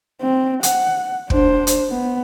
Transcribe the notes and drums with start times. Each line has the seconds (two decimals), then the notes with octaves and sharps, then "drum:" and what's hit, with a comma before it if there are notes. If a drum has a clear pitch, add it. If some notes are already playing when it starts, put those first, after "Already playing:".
0.21 C4
0.63 F#5, drum: hi-hat
1.30 D4 C5, drum: kick
1.67 drum: hi-hat
1.90 B3